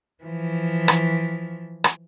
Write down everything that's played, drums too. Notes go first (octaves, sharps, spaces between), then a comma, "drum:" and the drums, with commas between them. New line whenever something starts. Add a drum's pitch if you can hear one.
E3 F3
drum: rim click
drum: rim click